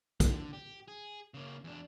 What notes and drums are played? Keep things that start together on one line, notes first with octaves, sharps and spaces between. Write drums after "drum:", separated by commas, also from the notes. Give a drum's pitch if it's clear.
D3, drum: kick, hi-hat
G4
G#4
C#3 A#3
E2 D4